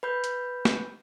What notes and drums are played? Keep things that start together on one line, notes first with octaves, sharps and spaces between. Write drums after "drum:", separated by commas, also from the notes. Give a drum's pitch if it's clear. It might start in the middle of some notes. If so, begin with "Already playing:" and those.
B4 B5 G6
drum: hi-hat
drum: snare